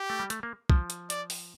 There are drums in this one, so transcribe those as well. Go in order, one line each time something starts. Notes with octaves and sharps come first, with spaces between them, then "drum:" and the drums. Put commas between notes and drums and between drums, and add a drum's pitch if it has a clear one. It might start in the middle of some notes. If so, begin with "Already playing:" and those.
Already playing: G4
A3
G3
A3, drum: hi-hat
A#3
F3, drum: kick
drum: hi-hat
D5, drum: hi-hat
drum: open hi-hat